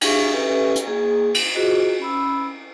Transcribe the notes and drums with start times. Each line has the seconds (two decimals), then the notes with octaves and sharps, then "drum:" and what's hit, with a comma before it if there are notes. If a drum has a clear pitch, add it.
0.01 D4 G4 G#4 E5 F5 C#6, drum: cymbal
0.33 C#4 G4 A4 B4 E5 C#6
0.76 drum: hi-hat
0.87 A#3 G#4
1.34 drum: cymbal
1.54 F4 F#4 G#4 C5 D#5
2.00 C#4 B5 E6